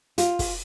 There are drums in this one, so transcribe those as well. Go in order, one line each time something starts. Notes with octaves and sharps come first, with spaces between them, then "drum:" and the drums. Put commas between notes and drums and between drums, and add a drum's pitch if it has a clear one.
F4, drum: hi-hat
drum: kick, open hi-hat